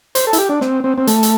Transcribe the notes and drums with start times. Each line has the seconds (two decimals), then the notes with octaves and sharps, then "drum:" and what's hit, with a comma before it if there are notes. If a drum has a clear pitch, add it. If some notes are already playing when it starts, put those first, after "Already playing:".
0.15 C5, drum: hi-hat
0.27 A4
0.33 E4, drum: hi-hat
0.38 G4
0.49 D4
0.61 C4, drum: snare
0.84 C4
0.98 C4
1.07 A3, drum: hi-hat
1.23 drum: hi-hat